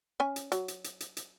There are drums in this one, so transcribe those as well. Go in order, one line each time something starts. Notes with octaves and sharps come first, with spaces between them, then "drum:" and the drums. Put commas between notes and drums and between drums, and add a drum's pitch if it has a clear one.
C#4 G#5
drum: hi-hat
F#3, drum: hi-hat
drum: hi-hat
drum: hi-hat
drum: hi-hat
drum: hi-hat